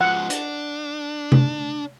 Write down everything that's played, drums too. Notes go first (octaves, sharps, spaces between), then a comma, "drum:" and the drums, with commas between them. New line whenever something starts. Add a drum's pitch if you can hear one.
G#2 F3 F#5
D4, drum: hi-hat
drum: tom C3